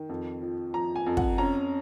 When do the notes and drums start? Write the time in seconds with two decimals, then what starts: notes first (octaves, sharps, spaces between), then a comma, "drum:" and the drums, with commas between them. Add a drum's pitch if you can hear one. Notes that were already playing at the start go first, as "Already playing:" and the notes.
Already playing: D#3
0.09 F2
0.42 F3
0.74 F3 A#5
0.96 G#5
1.06 F2
1.17 F#5, drum: kick
1.38 C#4 A#5